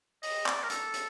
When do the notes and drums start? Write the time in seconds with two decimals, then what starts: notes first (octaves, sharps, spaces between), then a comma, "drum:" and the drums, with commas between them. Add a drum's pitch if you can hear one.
0.23 D#5, drum: open hi-hat
0.46 D5, drum: clap
0.63 A#4
0.70 A4, drum: hi-hat
0.94 drum: hi-hat